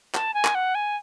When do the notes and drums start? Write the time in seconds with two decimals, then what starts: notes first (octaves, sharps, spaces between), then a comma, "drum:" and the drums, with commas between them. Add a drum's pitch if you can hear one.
0.14 A5, drum: clap
0.34 G#5
0.45 drum: clap
0.55 F#5
0.75 G#5